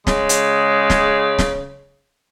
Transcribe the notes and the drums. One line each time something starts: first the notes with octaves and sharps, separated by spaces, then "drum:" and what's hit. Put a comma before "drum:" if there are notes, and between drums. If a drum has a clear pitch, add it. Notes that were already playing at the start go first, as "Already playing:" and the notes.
C#3 G#3, drum: snare
drum: hi-hat
drum: snare
drum: snare